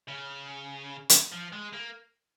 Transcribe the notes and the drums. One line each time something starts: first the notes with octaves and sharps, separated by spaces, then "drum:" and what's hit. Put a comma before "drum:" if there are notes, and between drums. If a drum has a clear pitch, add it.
C#3
drum: hi-hat
F3
G#3
A#3